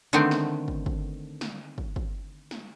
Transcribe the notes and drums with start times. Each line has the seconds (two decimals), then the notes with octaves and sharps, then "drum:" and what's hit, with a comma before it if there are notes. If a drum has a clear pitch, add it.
0.13 D3 D#3 A3 B3 C4
0.31 drum: snare
0.68 drum: kick
0.86 drum: kick
1.41 drum: snare
1.78 drum: kick
1.96 drum: kick
2.51 drum: snare